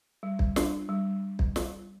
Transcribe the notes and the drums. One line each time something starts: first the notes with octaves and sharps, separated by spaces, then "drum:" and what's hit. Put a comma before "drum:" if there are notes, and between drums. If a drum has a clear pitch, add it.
G3
drum: kick
D4, drum: snare
G3
drum: kick
drum: snare